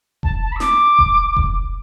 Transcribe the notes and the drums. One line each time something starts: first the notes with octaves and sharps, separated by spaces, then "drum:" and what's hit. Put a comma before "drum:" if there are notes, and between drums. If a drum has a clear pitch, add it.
A5, drum: kick E1
A5
B5
E6
D6, drum: snare
drum: kick E1
drum: kick E1